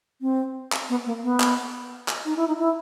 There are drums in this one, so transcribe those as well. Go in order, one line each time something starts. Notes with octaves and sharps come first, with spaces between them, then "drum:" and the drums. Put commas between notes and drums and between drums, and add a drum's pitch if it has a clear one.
C4
drum: clap
B3
A#3
B3
drum: clap
drum: clap
D#4
E4
D#4
E4